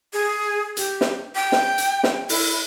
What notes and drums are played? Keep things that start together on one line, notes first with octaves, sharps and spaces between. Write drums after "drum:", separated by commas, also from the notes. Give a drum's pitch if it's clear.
G#4
G4, drum: hi-hat
drum: snare
G5
drum: snare
drum: hi-hat
drum: snare
E4, drum: open hi-hat